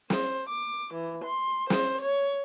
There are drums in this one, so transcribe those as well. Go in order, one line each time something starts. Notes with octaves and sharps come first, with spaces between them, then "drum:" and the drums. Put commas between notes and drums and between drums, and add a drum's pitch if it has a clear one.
C5, drum: snare
D6
E3
C6
C5, drum: snare
C#5